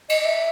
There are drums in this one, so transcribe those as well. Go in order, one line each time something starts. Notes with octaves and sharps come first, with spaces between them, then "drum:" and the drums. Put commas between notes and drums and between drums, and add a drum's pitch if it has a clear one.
D#5, drum: cymbal
D#5
E5